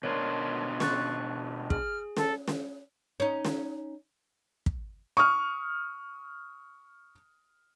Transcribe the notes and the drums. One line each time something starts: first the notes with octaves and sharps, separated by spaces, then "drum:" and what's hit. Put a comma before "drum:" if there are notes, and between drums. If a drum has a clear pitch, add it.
B2 D4 A#4 C5 C#5
C#6 F#6 A6, drum: snare
G#4 F6, drum: kick
A4, drum: snare
drum: snare
C#4 D#4
drum: snare
drum: kick
C#6 D#6 F6